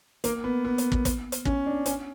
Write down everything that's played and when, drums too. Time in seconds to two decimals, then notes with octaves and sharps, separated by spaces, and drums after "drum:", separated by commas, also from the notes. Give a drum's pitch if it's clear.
0.24 A#3, drum: hi-hat
0.44 B3
0.65 B3
0.78 drum: hi-hat
0.92 drum: kick
1.05 drum: kick, hi-hat
1.32 drum: hi-hat
1.45 C#4, drum: kick
1.66 D4
1.86 C#4, drum: hi-hat